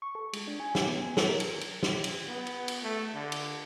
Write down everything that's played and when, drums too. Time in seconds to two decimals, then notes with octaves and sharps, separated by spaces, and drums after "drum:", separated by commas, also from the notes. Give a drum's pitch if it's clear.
0.02 C#6
0.15 A4
0.33 G#3, drum: cymbal
0.47 D4
0.60 G#5
0.75 G4, drum: snare
0.88 B3
1.01 G#5
1.17 A4, drum: snare
1.29 A#4
1.40 drum: cymbal
1.61 drum: cymbal
1.83 drum: snare
2.04 drum: cymbal
2.28 B3
2.47 drum: cymbal
2.68 drum: cymbal
2.83 A3
3.14 D3
3.32 drum: cymbal